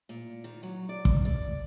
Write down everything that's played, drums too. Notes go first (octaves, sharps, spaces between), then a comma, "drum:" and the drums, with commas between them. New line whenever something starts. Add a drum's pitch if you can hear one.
A#2
D#3
F#3
D5
drum: kick
D5